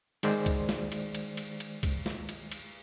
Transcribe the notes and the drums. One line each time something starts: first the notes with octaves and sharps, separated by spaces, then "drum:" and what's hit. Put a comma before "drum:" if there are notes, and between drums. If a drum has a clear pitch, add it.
D#3 G#3 C5 D5, drum: cymbal
drum: kick C2, cymbal
drum: snare
drum: cymbal
drum: cymbal
drum: cymbal
drum: cymbal
drum: kick C2, cymbal
drum: snare
drum: cymbal
drum: cymbal